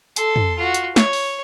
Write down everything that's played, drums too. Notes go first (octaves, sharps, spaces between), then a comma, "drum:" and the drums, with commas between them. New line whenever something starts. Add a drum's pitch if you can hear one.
A4 C6, drum: hi-hat
drum: tom
F4 F#4
drum: hi-hat
C#5, drum: snare
drum: open hi-hat